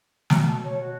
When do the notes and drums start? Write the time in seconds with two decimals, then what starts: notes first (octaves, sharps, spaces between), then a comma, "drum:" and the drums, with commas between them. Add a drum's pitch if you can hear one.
0.30 B2, drum: snare
0.46 A5
0.63 C#5
0.79 F#4